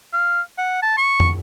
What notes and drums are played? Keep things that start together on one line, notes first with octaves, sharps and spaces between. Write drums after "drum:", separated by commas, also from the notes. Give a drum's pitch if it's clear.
F5
F#5
A5
C#6
drum: tom